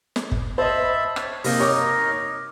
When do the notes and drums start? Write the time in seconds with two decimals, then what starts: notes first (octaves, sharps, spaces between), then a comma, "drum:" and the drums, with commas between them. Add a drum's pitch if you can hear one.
0.16 drum: snare
0.32 drum: kick G1
0.58 C5 D#5 E5 A5 B5
1.16 C#5, drum: rim click
1.44 C3 A#3 D#4 A#4 D#5, drum: open hi-hat
1.60 C#5 C#6 D6